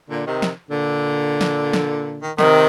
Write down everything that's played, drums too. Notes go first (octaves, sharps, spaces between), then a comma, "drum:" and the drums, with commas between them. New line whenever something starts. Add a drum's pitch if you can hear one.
A#2 D3
C3 D#3
drum: snare
A#2 D3
drum: snare
drum: snare
D#3
C3 D#3, drum: snare